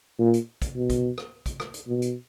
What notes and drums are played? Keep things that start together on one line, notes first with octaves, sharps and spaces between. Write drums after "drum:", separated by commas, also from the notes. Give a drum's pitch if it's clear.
A#2
drum: hi-hat
drum: kick, hi-hat
B2
drum: kick, hi-hat
drum: rim click
drum: kick, hi-hat
drum: rim click
drum: hi-hat
B2
drum: hi-hat